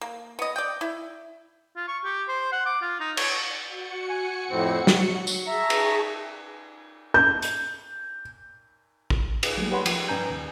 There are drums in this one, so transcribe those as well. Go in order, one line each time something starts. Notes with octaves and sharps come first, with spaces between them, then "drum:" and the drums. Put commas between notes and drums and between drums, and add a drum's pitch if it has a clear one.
A#3
B3 D#5
D5 G5
E4
F4
C#6
G4
C5
F#5
D6
F4
D#4
C#5, drum: cymbal
F#4 C#7
G#5
F2 A2 C4
F#3, drum: snare
drum: tambourine
G#4 E5 A5 A#5 C#6
drum: cymbal
G6
drum: hi-hat
drum: kick A1
drum: cymbal
F#3 G3 A3 A#3
G4 B4 C#5 F#5 B5 C6
F3, drum: cymbal
G2 C#4 B4 G#5 A#5 G6
D#2